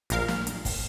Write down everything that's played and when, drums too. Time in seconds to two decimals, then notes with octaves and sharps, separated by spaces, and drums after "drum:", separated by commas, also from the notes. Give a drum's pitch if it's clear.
0.10 A#1 A#2 A#4 F5, drum: hi-hat
0.28 drum: snare
0.47 drum: hi-hat
0.65 drum: kick, open hi-hat